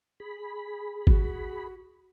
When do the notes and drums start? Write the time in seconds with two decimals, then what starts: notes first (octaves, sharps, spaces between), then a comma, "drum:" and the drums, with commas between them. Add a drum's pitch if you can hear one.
0.20 G#4 B5
1.07 F#4, drum: kick